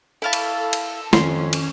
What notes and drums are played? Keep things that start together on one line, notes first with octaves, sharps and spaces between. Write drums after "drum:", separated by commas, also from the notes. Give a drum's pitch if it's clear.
E4 A4 F5 A5
drum: cymbal
drum: cymbal
F2 D#3 C#4 C6, drum: snare
drum: cymbal